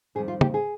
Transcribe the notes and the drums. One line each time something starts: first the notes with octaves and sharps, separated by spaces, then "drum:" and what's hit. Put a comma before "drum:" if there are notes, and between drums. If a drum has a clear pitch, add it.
F2 D#3 G3 G#4
F4
G4, drum: tom
G#4